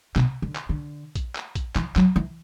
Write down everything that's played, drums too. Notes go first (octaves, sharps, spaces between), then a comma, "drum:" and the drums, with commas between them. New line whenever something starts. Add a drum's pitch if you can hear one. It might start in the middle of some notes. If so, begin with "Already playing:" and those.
B2, drum: clap
D3
drum: clap
D3
drum: kick A#1, hi-hat
drum: clap
drum: kick A#1, hi-hat
E3, drum: clap
F#3, drum: clap
E3